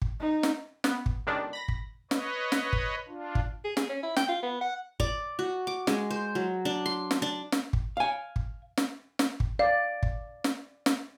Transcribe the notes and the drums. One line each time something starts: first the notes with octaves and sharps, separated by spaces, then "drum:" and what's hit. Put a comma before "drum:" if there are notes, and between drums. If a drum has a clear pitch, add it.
drum: kick
D#4
drum: snare
B3, drum: snare
drum: kick
G1 C#2 D#3 D4
B5 A#6
drum: kick
B4 C#5 D#5, drum: snare
drum: snare
drum: kick
D4 F4
drum: kick
G#4
G#4, drum: snare
C#4
E4
G5, drum: snare
F4
B3
F#5
D5, drum: kick
F#4
D6
G#3, drum: snare
C5
F#3
D4
C6
drum: snare
D4
drum: snare
drum: kick
F5 G#5
drum: kick
drum: snare
drum: snare
drum: kick
D5 F5
drum: kick
drum: snare
drum: snare